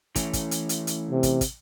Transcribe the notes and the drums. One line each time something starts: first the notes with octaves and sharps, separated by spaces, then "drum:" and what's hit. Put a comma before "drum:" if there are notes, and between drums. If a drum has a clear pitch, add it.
E3 A3 C#4, drum: kick, hi-hat
drum: kick, hi-hat
drum: hi-hat
drum: hi-hat
drum: hi-hat
C3
drum: kick, hi-hat
drum: kick, hi-hat